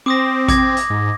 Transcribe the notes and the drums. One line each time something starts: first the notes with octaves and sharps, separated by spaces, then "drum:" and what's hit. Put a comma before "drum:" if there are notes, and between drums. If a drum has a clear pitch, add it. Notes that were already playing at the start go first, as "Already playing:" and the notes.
C4 D6 D#6 A#6
D6 G#6 A#6, drum: kick G#1, hi-hat
drum: hi-hat
G#2